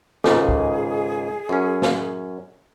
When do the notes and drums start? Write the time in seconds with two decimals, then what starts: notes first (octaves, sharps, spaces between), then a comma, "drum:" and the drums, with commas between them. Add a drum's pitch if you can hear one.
0.24 C#2 G#2 D#3 G#4 A4 C#5 D#5, drum: snare
0.49 drum: kick
1.49 F#2 C#4
1.82 drum: snare